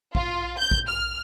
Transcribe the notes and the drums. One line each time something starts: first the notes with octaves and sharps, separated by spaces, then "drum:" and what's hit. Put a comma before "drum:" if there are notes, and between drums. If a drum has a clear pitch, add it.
F4, drum: kick
G6
drum: kick
F6